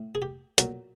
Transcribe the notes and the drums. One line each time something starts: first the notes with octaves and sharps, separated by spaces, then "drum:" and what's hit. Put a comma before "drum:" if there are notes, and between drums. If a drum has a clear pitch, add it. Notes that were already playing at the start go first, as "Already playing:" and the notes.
Already playing: A2
G#4
G4
B1 A#2 F#3, drum: hi-hat